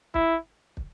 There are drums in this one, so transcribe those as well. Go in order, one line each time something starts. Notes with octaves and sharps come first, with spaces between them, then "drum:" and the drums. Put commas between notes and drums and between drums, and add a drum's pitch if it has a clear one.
E4, drum: kick
drum: kick